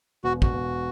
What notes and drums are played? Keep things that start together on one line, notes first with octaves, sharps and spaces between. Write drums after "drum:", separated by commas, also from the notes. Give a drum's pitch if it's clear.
E1 F#4
F#4, drum: kick
E1